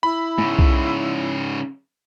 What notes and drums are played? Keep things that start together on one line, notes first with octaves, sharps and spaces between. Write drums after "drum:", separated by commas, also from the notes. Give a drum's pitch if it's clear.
E4 B5
G#2 C#3, drum: tom
drum: kick